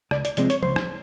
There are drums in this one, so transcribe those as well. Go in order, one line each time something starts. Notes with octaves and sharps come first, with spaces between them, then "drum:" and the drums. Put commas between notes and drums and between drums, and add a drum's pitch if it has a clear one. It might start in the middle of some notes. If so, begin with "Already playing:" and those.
C#2 D5, drum: rim click
D5, drum: hi-hat
C3 F3 G#3 C4 D5, drum: hi-hat
C#5, drum: hi-hat
C#2 C5, drum: tom F3
drum: rim click